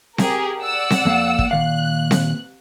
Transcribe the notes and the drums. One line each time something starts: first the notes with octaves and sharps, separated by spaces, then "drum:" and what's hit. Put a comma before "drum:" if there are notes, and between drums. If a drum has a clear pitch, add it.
G4 G#4 A#4, drum: snare C4
D5 F#5 E6
drum: snare C4
F2 A#3 F5
drum: kick
A#2 D#3 F5 F#6
drum: snare C4